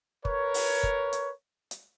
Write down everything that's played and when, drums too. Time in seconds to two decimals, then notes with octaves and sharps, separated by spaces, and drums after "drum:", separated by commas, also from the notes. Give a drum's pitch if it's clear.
0.25 A#4 B4 C#5, drum: kick
0.54 drum: open hi-hat
0.83 drum: kick
1.13 drum: hi-hat
1.71 drum: hi-hat